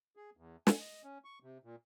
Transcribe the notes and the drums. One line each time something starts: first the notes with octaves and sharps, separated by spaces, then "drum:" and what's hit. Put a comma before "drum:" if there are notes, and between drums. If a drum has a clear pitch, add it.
G#4
E2
G#5, drum: snare
D#5
C#4
C#6
C3
A#2